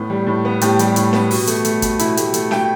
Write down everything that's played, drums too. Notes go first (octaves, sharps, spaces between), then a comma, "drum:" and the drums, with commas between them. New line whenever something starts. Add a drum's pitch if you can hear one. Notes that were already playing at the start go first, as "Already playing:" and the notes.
Already playing: A2 B3
G3
A2
B3
A2 G4, drum: hi-hat
G3, drum: hi-hat
A2, drum: hi-hat
B3, drum: snare D4
B2, drum: open hi-hat
A3, drum: hi-hat
A3, drum: hi-hat
B2, drum: kick, hi-hat
B2 E4, drum: hi-hat
A3 G4, drum: hi-hat
A3, drum: hi-hat
B2 G5, drum: snare D4